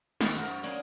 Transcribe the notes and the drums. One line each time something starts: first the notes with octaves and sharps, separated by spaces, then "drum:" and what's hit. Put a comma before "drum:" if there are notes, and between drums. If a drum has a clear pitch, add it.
D#3, drum: snare
F#2 F#4 A#4 C5
A#3 B3 C#4 D4